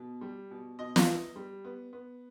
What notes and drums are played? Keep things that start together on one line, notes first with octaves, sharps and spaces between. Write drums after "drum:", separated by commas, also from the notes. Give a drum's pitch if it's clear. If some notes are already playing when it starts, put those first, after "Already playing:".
Already playing: B2
G3
B2
B2 D#5
drum: snare
B3
G3
B3
B3